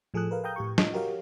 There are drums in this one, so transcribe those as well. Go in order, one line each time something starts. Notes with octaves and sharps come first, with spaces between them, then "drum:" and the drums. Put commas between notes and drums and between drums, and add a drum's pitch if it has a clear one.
A2 F3 G#4 A4 D#6 F#6
A#4 B4 F5
F5 G5 A#5 D#6 G6
A2 G4 C#6
F4 D#5, drum: snare
F#4 G4 A#4 C#5 F5